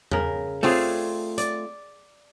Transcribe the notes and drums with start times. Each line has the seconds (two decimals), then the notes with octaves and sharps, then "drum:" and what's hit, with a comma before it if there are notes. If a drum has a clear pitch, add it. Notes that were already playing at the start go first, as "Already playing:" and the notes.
0.11 C#3 A#4, drum: tom E2
0.63 A3 C4 F4 G#4 C#5 D5, drum: open hi-hat
1.38 D5, drum: hi-hat